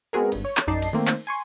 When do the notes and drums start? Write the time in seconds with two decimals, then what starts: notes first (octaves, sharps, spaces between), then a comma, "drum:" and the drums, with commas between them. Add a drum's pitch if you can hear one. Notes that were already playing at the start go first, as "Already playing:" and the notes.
0.13 G#3 B3 C4 F#4 G#4 A#4
0.32 G#1 G2, drum: cymbal
0.45 C#5
0.57 drum: clap
0.67 A#1 F#2 D#4 D5 A5 C7
0.82 drum: cymbal
0.93 D#3 A3 A#3 C4
1.07 drum: clap
1.27 G#5 C6 C#6